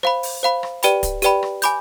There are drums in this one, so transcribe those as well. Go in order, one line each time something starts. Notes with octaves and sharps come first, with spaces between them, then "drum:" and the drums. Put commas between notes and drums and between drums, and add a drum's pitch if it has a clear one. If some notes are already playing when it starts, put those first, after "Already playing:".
C5 F5 B5, drum: rim click
drum: open hi-hat
C5 F5 B5
drum: rim click
G4 B4 D5 G5 B5, drum: hi-hat
drum: kick, hi-hat
G4 B4 D5 G5 B5, drum: hi-hat
drum: rim click
G#5 B5 D6 G6, drum: hi-hat